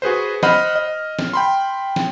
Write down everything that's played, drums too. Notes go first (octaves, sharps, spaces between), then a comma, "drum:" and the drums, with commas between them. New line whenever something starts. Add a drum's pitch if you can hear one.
F#4 G#4 B4 C5
C5 D#5 F#5 B5 F6, drum: snare
D#5
drum: snare
G5 B5 C6
drum: snare